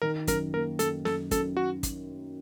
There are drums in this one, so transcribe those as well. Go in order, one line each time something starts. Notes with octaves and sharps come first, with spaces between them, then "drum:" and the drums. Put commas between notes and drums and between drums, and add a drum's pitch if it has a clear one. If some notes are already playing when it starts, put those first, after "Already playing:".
D#3 A#4
F#2 A#4, drum: kick, hi-hat
A#3 A#4
F#2 A4, drum: hi-hat
F#2 A4, drum: snare
F#2 A4, drum: kick, hi-hat
F#4
drum: kick, hi-hat